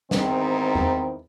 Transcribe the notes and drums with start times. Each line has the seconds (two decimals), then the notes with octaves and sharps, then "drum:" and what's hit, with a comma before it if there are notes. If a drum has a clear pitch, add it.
0.11 E2 G#2 D#3 C4, drum: snare
0.75 drum: tom E2